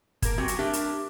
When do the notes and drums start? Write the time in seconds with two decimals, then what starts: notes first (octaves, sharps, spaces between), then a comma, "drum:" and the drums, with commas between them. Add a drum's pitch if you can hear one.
0.22 A#3 A#4, drum: kick, hi-hat
0.38 F#3 C4 F#4 G4 G#5
0.48 drum: hi-hat
0.59 A3 D4 G4 A#4 E5
0.73 drum: hi-hat